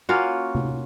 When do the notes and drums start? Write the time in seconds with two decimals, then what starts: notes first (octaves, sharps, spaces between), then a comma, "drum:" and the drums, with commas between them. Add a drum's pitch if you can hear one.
0.09 A#3 C#4 F4 F#4
0.55 drum: tom C3